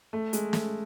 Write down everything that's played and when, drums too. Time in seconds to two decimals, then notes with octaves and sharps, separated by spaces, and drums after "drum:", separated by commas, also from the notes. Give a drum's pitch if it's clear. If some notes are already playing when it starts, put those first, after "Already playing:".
0.13 A3
0.33 G#3, drum: hi-hat
0.53 A3, drum: snare